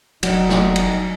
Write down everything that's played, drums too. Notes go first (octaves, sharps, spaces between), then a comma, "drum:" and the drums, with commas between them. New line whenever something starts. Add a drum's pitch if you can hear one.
F1 F#3 D#4 F#4 D5, drum: cymbal
drum: snare
drum: cymbal